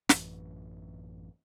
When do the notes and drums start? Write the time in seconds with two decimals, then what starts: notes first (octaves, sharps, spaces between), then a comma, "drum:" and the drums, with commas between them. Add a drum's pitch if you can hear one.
0.09 A1 F#2 E3, drum: snare